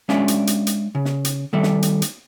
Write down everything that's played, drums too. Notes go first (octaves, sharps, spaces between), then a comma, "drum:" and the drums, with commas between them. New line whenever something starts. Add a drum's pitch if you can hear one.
G#3 C#4 D4 D5 E5, drum: snare
drum: hi-hat
drum: hi-hat
drum: hi-hat
C#3
drum: snare
drum: hi-hat
D#3 G3 A3
drum: snare
drum: hi-hat
drum: hi-hat